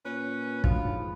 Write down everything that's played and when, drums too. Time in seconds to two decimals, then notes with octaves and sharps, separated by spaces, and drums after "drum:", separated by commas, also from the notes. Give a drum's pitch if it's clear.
0.05 A#2 C#4 B4
0.64 D2 F3 B3 F4, drum: kick
0.85 G#2 B5